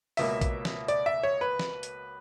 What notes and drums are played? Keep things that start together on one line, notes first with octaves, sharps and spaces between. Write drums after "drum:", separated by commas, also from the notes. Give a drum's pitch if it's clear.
C#2 B2 A#3 E5, drum: open hi-hat
drum: kick A#1, hi-hat
drum: snare
D5, drum: hi-hat
E5
C#5
B4
drum: snare
drum: hi-hat